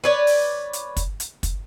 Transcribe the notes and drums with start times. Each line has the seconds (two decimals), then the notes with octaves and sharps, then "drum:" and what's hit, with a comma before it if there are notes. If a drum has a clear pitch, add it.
0.04 B4 C#5 D5
0.27 drum: open hi-hat
0.73 drum: hi-hat
0.97 drum: kick, hi-hat
1.20 drum: hi-hat
1.43 drum: kick, hi-hat